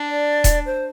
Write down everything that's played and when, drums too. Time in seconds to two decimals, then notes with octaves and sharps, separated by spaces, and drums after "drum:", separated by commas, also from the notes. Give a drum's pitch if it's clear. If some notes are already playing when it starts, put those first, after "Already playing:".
Already playing: D4
0.09 D5
0.44 drum: kick D#1, hi-hat
0.66 C5